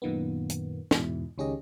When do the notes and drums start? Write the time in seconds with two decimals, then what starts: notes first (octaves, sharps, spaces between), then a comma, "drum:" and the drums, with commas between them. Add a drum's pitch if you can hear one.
0.02 F#2 A#2 D#3 A#3 B3
0.50 drum: hi-hat
0.91 E2 G#2 B2 E4, drum: snare
1.38 C#2 D#3 C#4 G4 G#4 D#5